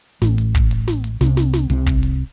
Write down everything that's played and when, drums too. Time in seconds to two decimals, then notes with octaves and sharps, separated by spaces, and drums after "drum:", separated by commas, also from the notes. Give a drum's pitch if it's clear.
0.22 A1 A2, drum: snare
0.38 drum: hi-hat
0.55 drum: kick, hi-hat
0.71 drum: hi-hat
0.88 drum: snare
1.04 drum: hi-hat
1.21 C2 C3, drum: snare
1.37 drum: snare
1.53 drum: snare
1.70 C2 C3, drum: hi-hat
1.86 drum: kick, hi-hat
2.03 drum: hi-hat